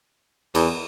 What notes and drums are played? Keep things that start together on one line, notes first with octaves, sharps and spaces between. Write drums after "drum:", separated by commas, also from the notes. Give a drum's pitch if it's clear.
E2, drum: cymbal